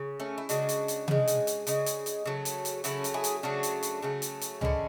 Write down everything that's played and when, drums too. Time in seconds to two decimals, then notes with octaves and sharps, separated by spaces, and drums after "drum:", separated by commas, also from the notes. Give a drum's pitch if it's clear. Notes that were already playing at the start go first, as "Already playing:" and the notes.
Already playing: C#3
0.20 A3 C#4
0.38 E4
0.49 C#3 G#3 D4 F#4, drum: hi-hat
0.69 drum: hi-hat
0.88 drum: hi-hat
1.08 C#3 G#3, drum: tom C3
1.27 drum: hi-hat
1.47 drum: hi-hat
1.67 C#3 G#3, drum: hi-hat
1.86 drum: hi-hat
2.06 drum: hi-hat
2.26 C#3 F#3 A3
2.45 drum: hi-hat
2.65 drum: hi-hat
2.84 C#3 F#3 A3 C#4 E4, drum: hi-hat
3.04 drum: hi-hat
3.14 E4 G#4
3.24 drum: hi-hat
3.43 C#3 F#3 A3 D4 F#4
3.63 drum: hi-hat
3.83 drum: hi-hat
4.02 C#3 F#3 A3
4.22 drum: hi-hat
4.41 drum: hi-hat
4.61 D3 G#3 C#4 E4, drum: tom C#2